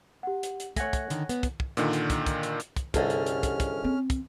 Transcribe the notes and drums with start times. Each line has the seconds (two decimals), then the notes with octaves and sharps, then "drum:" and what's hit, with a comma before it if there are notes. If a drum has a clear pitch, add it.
0.23 G4 F#5
0.43 drum: hi-hat
0.60 drum: hi-hat
0.76 A3 C#5 F#5 G#5 A#6, drum: kick, hi-hat
0.93 drum: kick, hi-hat
1.10 D3 D#3, drum: hi-hat
1.29 B3, drum: hi-hat
1.43 drum: kick, hi-hat
1.60 drum: kick
1.77 A#2 D3 D#3, drum: hi-hat
1.93 drum: hi-hat
2.10 drum: kick, hi-hat
2.26 drum: kick, hi-hat
2.43 drum: hi-hat
2.60 drum: hi-hat
2.76 drum: kick, hi-hat
2.94 G1 C2 C#4 G#4 A4 D#5 F6, drum: kick, hi-hat
3.10 drum: hi-hat
3.26 drum: hi-hat
3.43 drum: kick, hi-hat
3.60 drum: kick, hi-hat
3.84 C4
4.10 drum: kick, hi-hat